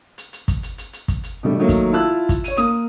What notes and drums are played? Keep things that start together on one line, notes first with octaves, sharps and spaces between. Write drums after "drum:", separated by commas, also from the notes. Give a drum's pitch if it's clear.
drum: hi-hat
drum: hi-hat
drum: kick, hi-hat
drum: hi-hat
drum: hi-hat
drum: hi-hat
drum: kick, hi-hat
drum: hi-hat
B2 D3 G3 A3
D#3 F#3 A3 A#3
drum: kick, hi-hat
E4 F4 A5 E6 F#6
drum: kick, hi-hat
C#5 D#7, drum: hi-hat
A#3 D#6 D#7, drum: hi-hat